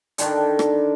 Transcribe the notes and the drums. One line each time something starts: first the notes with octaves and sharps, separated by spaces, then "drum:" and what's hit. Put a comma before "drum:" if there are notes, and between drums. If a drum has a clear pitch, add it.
D3 D#3 D4, drum: hi-hat
drum: rim click